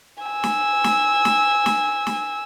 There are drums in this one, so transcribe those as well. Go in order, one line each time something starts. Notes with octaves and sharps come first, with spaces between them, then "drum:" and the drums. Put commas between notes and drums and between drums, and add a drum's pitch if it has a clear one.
G#5 E6
drum: snare
drum: snare
drum: snare
drum: snare
drum: snare